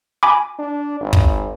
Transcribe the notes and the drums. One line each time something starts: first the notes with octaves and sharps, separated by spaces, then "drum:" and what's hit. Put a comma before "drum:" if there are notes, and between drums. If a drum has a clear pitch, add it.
G#5 B5 D6
D4
G#1
drum: kick